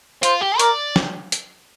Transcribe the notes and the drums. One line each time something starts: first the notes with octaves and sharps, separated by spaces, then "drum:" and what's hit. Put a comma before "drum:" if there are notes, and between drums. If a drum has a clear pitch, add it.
F4 C5, drum: hi-hat
G4
A#4 D5, drum: hi-hat
drum: snare
drum: hi-hat